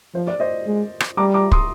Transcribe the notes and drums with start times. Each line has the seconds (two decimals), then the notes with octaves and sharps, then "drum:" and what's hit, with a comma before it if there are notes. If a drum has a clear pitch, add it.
0.14 F3 C5
0.27 D5
0.40 C5 D#5
0.67 G#3
1.00 drum: rim click
1.17 G3 A#5 D6
1.34 A#5 D6
1.52 C6 D#6, drum: kick